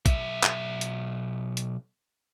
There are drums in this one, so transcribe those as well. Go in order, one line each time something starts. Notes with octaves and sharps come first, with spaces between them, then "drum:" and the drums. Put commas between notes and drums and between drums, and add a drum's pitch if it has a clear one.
B1 E5, drum: kick, hi-hat
drum: clap
drum: hi-hat
drum: hi-hat